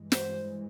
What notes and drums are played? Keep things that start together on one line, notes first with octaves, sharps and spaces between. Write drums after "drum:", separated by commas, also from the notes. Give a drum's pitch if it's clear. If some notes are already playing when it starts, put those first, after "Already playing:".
Already playing: G2 E3 G#3
C5, drum: snare